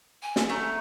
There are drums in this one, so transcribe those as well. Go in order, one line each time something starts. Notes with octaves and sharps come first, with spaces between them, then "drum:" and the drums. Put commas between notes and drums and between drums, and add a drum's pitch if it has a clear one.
G#5
drum: snare
A3 A#5